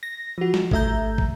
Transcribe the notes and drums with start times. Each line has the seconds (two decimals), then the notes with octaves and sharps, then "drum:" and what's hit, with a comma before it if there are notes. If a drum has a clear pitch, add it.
0.03 A#6
0.38 F3 F#4
0.54 drum: snare
0.71 G#1 A3 E5 A#5 G6, drum: kick
1.18 drum: kick